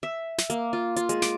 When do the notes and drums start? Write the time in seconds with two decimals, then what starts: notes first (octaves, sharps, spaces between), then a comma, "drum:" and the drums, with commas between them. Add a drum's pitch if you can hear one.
0.03 E5
0.38 drum: snare
0.50 A#3, drum: hi-hat
0.73 F4
0.96 F4, drum: hi-hat
1.09 G#3, drum: hi-hat
1.22 D6, drum: snare